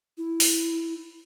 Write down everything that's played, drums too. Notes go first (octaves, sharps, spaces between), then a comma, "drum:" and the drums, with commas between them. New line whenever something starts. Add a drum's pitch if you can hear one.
E4
drum: open hi-hat